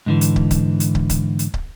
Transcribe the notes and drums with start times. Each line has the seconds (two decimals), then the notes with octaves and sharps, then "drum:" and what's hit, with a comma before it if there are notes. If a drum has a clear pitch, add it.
0.06 G#2 D3 E3
0.21 drum: hi-hat
0.36 drum: kick
0.51 drum: kick, hi-hat
0.80 drum: hi-hat
0.95 drum: kick
1.09 drum: kick, hi-hat
1.39 drum: hi-hat
1.54 drum: kick